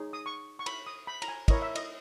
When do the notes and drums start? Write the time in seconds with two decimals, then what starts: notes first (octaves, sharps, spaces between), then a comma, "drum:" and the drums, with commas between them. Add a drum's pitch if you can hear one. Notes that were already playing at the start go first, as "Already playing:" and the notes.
Already playing: D#4 G#4 C#5
0.13 D#6
0.26 C#6
0.59 C#6
0.66 B5, drum: cymbal
0.87 D#6
1.07 B5
1.22 A#5, drum: cymbal
1.28 G#5
1.48 E4 A#4 C#5 D#5, drum: kick, cymbal
1.62 E5
1.75 D#5, drum: cymbal